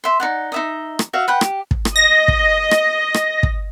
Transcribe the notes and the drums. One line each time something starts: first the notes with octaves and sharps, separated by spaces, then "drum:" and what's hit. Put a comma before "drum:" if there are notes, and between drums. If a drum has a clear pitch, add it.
E5 C6
D#4 D5 F#5
D#4 E5 D#6
drum: rim click
F#4 E5 F5
B4 F#5 G5
G4, drum: rim click
drum: kick
drum: rim click
D#5 A#6
drum: kick
drum: rim click
drum: rim click
drum: kick